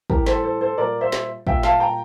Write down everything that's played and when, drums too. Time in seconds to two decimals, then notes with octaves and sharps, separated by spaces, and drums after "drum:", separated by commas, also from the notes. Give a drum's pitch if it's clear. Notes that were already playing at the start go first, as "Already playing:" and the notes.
0.10 A2 E3 G3 G4 A#4, drum: kick
0.26 A4 C5, drum: snare
0.44 A4 C5
0.61 A4 C5
0.78 A#2 G3 A#4 D5
1.01 C5 E5
1.12 drum: snare
1.47 A#2 G3 E5 G5, drum: kick
1.63 F5 A5, drum: snare
1.80 G5 A#5